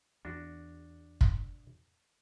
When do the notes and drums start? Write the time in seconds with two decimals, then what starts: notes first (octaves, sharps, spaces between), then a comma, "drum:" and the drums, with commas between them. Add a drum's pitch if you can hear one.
0.25 E2 D4 F#4
1.21 drum: kick